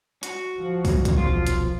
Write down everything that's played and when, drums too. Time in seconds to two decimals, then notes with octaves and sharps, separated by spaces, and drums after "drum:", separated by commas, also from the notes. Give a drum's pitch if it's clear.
0.23 F#4, drum: hi-hat
0.58 F3
0.85 drum: kick, open hi-hat
1.05 drum: kick, hi-hat
1.17 D#1 B1 F3 F4
1.47 drum: hi-hat